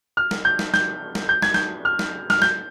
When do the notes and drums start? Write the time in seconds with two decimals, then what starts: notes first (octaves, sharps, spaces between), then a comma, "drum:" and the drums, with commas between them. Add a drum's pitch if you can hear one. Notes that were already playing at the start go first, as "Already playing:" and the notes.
0.17 F6
0.31 drum: snare
0.45 G6
0.59 drum: snare
0.74 G6, drum: snare
1.15 drum: snare
1.29 G6
1.42 G#6, drum: snare
1.54 G6, drum: snare
1.85 F6
1.99 drum: snare
2.30 F6, drum: snare
2.42 G6, drum: snare